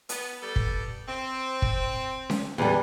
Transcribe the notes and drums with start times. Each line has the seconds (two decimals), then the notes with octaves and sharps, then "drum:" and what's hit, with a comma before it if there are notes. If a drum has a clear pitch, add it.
0.09 B3, drum: hi-hat
0.40 G3 B3 A4
0.56 drum: kick
1.08 C4
1.62 drum: kick
2.30 drum: snare C#4
2.58 E2 D3 G3